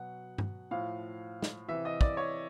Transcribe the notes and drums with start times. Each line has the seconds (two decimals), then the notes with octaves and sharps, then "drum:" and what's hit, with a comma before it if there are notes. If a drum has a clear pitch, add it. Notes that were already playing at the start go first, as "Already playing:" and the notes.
Already playing: B2 F#3 F#5
0.38 drum: tom G2
0.71 A2 F3 F5
1.42 drum: snare
1.68 C3 E3 E5
1.85 D#5
2.01 D5, drum: kick
2.17 C#5